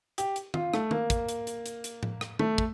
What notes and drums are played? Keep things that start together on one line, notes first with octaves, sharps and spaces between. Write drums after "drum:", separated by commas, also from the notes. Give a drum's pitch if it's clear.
G4, drum: hi-hat
drum: hi-hat
F4, drum: tom D#3
A3, drum: rim click
A#3, drum: tom D#3
drum: kick, hi-hat
drum: hi-hat
drum: hi-hat
drum: hi-hat
drum: hi-hat
drum: tom A2
drum: rim click
A3, drum: tom D#3
drum: kick